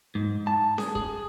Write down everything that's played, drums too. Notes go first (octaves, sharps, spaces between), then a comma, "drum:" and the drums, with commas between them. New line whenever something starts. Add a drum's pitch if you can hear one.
G#2
A5
G#4, drum: snare C#4
G#4, drum: kick